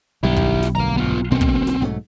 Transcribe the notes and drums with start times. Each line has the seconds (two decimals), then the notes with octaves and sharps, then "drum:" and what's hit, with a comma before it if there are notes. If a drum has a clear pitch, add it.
0.23 B1 G2 D#3 G3 E4 G4
0.36 drum: kick
0.62 drum: snare
0.75 G1 D2 F5 A#5
0.97 B3 F4
1.32 B2 D3 A#3 C4 C#4
1.41 drum: kick
1.67 drum: snare
1.82 G#2 F#3 A3